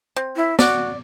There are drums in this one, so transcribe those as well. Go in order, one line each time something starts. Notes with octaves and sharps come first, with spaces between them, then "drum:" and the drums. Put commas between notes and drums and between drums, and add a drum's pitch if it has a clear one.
C4
E4
F#4 D5, drum: snare